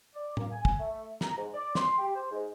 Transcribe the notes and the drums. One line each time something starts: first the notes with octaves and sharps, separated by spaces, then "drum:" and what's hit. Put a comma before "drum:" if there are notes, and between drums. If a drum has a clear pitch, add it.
D5
A#3, drum: tom A2
G#5
drum: kick
A3
A#5, drum: snare
G#2
D5
C6, drum: snare
G4
C5
G#2